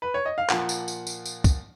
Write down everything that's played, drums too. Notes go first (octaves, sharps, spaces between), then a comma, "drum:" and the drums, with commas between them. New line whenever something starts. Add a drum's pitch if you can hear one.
B4
C#5
D#5
F5
A#2 F3 A#3 F#5, drum: clap
drum: tambourine
drum: tambourine
drum: tambourine
drum: tambourine
drum: kick C#2, tambourine